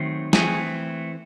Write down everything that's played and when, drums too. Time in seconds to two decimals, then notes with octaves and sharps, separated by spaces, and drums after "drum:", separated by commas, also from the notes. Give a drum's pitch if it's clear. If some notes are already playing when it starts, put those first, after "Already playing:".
Already playing: D#3 F#3 A3 C4
0.33 E3 A3 C4 G#4, drum: snare